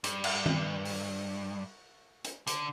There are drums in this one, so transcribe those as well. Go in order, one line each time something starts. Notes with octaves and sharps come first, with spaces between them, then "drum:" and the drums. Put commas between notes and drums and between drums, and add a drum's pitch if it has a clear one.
G2, drum: hi-hat
drum: cymbal
drum: tom D#3
drum: open hi-hat
drum: hi-hat
D3, drum: hi-hat